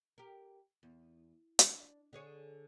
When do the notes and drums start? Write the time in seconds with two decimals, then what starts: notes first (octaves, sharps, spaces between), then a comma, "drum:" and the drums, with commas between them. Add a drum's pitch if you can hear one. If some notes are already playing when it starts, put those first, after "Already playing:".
0.18 G4 A#4
0.83 E2
1.59 D4, drum: hi-hat
2.13 D3 G#4 C#5